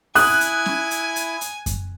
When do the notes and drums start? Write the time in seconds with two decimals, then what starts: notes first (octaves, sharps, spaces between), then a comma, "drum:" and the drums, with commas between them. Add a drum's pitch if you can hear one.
0.15 E4 G#5 D#6 F#6, drum: open hi-hat
0.41 drum: hi-hat
0.66 drum: snare
0.91 drum: hi-hat
1.16 drum: hi-hat
1.41 drum: hi-hat
1.66 drum: kick F#2, hi-hat